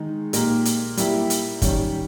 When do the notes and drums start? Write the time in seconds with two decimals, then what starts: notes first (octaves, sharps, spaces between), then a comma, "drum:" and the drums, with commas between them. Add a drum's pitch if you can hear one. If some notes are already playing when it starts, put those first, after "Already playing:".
Already playing: D#3 G#3 D#4
0.33 A#2 A#3 D#4 G4 A#4, drum: hi-hat
0.65 drum: hi-hat
0.97 G3 A#3 E4 G4, drum: hi-hat
1.30 drum: hi-hat
1.62 D#3 G3 C#4 G4, drum: kick F#1, hi-hat